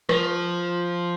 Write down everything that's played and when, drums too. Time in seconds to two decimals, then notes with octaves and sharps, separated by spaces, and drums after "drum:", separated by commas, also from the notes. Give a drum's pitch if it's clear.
0.09 F3, drum: rim click